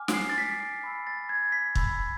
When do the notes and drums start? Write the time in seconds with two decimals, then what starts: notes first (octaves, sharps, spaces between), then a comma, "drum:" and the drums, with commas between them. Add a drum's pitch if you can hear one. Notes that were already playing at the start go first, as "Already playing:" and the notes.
Already playing: G#5 D6 F6
0.08 D7, drum: snare
0.14 C7
0.30 A6
0.38 B6
0.60 C7
0.84 B5 E6
1.07 A6
1.29 G#6
1.52 B6
1.75 B5 E6, drum: kick